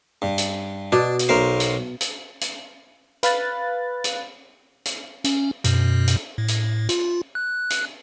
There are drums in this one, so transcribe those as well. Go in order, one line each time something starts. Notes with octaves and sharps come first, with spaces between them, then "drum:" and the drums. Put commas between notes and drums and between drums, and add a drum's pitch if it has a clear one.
G2
drum: hi-hat
B2 D4
drum: hi-hat
B1 A#4 C5
drum: hi-hat
drum: hi-hat
drum: hi-hat
B4 F5 B5 F#6 A6, drum: hi-hat
drum: hi-hat
drum: hi-hat
C#4, drum: hi-hat
F#2 B2, drum: hi-hat
drum: hi-hat
A2
drum: hi-hat
F4, drum: hi-hat
F#6
drum: hi-hat